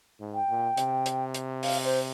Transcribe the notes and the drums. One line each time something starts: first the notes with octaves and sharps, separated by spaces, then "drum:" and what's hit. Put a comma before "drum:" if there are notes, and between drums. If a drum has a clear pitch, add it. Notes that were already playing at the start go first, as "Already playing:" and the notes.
G#2
G5
A#2
C3, drum: hi-hat
drum: hi-hat
drum: hi-hat
F5, drum: open hi-hat
C5